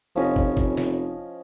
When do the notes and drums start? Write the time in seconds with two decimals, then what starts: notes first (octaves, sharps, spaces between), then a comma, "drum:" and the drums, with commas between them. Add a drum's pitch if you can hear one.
0.16 F1 F3 C#4 D#5
0.36 drum: kick
0.57 drum: kick
0.77 drum: snare